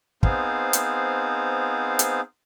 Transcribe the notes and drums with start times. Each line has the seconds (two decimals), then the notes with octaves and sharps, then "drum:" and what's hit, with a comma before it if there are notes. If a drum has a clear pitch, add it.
0.23 B3 C4 D#4 G#4 C5 F5, drum: kick
0.73 drum: hi-hat
1.99 drum: hi-hat